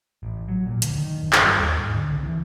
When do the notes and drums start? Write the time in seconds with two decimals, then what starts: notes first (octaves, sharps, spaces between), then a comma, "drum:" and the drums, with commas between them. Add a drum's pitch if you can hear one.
0.23 A1
0.48 F#3
0.66 A#2
0.82 D2, drum: hi-hat
0.97 D#3
1.23 G1
1.33 drum: clap
1.45 G3
1.58 D#2
1.78 G#2
1.95 D3
2.10 C2
2.23 E3